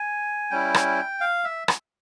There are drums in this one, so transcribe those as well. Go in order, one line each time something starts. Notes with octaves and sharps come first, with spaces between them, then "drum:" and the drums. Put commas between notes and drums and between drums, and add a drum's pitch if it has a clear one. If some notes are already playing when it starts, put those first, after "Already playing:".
Already playing: G#5
G3 C#4 E4 G5
drum: rim click
F5
E5
drum: rim click